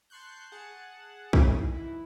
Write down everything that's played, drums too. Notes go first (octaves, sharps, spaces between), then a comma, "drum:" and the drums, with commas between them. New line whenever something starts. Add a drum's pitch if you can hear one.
A5 C6 C#6 F#6 G6
G#4 F#5 A5
D#4 E4 F#4 G#4, drum: kick A#1
E3 E4